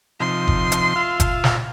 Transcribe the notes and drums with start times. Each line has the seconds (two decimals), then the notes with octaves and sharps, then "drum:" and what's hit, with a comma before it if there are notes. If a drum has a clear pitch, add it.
0.20 C3 F3 D#4 C6
0.48 drum: kick F#1
0.72 drum: hi-hat
0.96 F4 E5 F5
1.20 drum: kick F#1, hi-hat
1.44 drum: snare